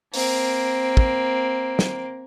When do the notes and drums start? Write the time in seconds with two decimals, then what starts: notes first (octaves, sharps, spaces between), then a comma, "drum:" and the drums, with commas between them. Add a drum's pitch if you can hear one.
0.14 A#3 C4, drum: open hi-hat
0.97 drum: kick
1.79 drum: snare